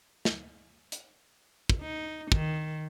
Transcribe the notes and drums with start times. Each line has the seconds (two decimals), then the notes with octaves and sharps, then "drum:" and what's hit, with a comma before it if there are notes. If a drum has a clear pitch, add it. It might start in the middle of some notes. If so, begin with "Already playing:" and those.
0.25 drum: snare
0.92 drum: hi-hat
1.69 drum: kick
1.81 D#4
2.32 D#3, drum: kick